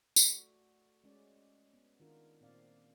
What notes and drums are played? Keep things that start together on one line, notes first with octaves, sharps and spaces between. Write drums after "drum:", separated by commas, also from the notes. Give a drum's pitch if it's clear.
A3 F#4 D5, drum: tambourine
G#3 C#4 D5
B3
D#3 D4 F4 A#4
A#2 C4 D5 F5